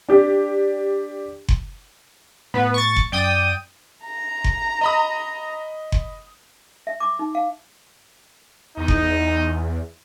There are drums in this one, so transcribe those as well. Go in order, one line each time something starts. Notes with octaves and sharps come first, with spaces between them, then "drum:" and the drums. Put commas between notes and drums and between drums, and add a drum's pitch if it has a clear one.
D4 G4
drum: kick F#1
A2 B3 B4
C#6 A6
drum: kick F#1
F#2 D5 G5 D#6
A#5
drum: kick F#1
D#5 B5 D#6
drum: kick F#1
E5
D6
D#4
F5
E2 D#4
drum: kick F#1